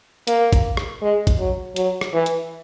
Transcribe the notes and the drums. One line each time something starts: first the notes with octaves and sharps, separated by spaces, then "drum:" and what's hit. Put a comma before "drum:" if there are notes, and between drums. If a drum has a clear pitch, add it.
A#3, drum: hi-hat
drum: kick, hi-hat
drum: rim click
G#3
drum: kick, hi-hat
F#3
F#3, drum: hi-hat
drum: rim click
E3
drum: hi-hat